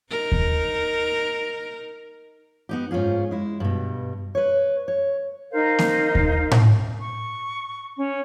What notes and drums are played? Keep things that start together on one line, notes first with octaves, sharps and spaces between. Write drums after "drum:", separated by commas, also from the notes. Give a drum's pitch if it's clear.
D#4 A#4
drum: kick D#2
B3 D#4 G4
G#2 C#4 D4 F4 G#4
G#3 E4
G2 B2
B4 C#5
C#5
D#4 A#4 C5 F5
drum: snare A#3
drum: kick D#2
drum: tom A2
C#6
C#4